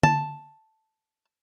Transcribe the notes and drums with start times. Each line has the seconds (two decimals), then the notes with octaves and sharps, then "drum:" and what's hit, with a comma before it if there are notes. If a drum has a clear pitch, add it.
0.03 A5, drum: tom